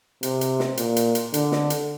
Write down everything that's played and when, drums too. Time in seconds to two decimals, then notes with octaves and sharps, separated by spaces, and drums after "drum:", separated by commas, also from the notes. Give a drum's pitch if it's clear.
0.23 C3, drum: hi-hat
0.41 drum: hi-hat
0.60 drum: snare
0.77 A#2, drum: hi-hat
0.96 drum: hi-hat
1.15 drum: hi-hat
1.34 D3, drum: hi-hat
1.52 drum: snare
1.70 drum: hi-hat